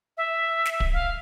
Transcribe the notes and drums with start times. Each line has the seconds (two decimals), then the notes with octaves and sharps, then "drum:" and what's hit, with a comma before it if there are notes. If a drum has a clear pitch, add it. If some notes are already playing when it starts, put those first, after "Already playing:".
0.17 E5
0.66 drum: snare
0.80 drum: kick D1
0.93 F5